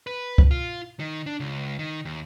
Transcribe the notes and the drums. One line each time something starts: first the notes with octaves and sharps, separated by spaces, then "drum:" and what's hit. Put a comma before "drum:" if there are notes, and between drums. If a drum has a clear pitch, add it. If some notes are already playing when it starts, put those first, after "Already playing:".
B4
drum: kick
F4
D#3
D4
C#2
D#3
D#2